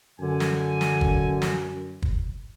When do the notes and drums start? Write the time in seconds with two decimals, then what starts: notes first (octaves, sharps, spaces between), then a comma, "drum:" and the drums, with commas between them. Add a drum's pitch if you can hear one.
0.20 F#2 D3 G#5
0.40 drum: snare
0.81 drum: snare
1.01 drum: kick
1.42 drum: snare
2.02 drum: kick